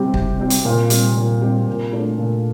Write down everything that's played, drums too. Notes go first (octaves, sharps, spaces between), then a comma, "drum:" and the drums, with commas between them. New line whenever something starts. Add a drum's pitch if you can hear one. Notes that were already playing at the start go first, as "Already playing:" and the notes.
Already playing: C3 G3 C4 G4
C3, drum: kick
G3 C4 G4
drum: hi-hat
A#2
G3 C4 G4, drum: hi-hat
A#2
G3 C4 G4
A#2
A3 D4 A4
A#2